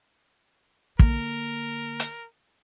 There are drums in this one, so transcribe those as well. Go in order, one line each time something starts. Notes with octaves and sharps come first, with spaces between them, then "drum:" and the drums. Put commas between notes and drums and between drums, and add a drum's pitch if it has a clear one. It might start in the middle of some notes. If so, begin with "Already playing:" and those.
D3 A#3 A#4, drum: kick
drum: hi-hat